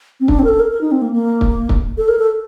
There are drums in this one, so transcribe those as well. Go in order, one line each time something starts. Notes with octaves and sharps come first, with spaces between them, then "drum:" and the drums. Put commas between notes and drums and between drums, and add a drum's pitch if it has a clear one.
C4
D4, drum: kick
C4
A#4
A4
A#4
A#4
D#4
C4
A#3
A#3
drum: kick
drum: kick
A4
A#4
A4